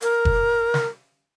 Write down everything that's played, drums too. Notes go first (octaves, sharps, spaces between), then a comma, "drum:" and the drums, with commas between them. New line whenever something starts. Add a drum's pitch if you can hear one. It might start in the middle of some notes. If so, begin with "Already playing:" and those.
A#4, drum: hi-hat
drum: kick
drum: snare